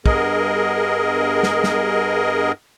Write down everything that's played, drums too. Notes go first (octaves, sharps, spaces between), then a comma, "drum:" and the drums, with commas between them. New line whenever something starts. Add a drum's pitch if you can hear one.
G2 B3 G#4 A#4 D#5, drum: kick
drum: snare
drum: snare